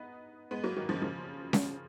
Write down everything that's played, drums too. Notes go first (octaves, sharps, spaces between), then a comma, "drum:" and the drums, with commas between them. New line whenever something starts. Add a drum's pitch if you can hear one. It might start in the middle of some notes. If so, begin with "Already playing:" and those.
Already playing: B3 D#4
G#3 B3
F#3 A#3
D#3 F#3
C#3 F3
C#3 F3
drum: snare C#4